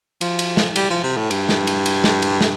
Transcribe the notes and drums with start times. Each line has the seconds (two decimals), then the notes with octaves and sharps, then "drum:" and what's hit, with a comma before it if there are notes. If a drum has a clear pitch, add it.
0.21 F3, drum: cymbal
0.39 drum: cymbal
0.57 drum: snare
0.76 G3, drum: cymbal
0.90 F3
1.03 C3
1.17 A2
1.31 G2, drum: cymbal
1.49 drum: snare
1.67 drum: cymbal
1.86 drum: cymbal
2.04 drum: snare
2.22 drum: cymbal
2.41 drum: snare